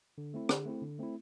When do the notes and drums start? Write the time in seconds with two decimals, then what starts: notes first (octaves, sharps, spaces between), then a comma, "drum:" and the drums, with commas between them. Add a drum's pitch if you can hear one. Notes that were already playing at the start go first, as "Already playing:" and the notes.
0.18 D3
0.34 A3 C4 E4
0.49 D3, drum: rim click
0.66 A3 C4 E4
0.82 D3
0.99 A3 C4 E4